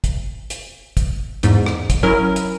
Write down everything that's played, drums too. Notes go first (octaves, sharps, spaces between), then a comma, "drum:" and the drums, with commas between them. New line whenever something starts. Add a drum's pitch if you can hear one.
drum: kick, hi-hat
drum: hi-hat
drum: kick, hi-hat
E2 G#2, drum: hi-hat
drum: rim click
drum: kick, hi-hat
F#3 C#4 E4 A#4
drum: hi-hat